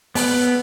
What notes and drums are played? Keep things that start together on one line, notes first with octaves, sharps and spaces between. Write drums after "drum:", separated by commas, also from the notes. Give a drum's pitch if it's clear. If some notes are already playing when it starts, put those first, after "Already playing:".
B3, drum: open hi-hat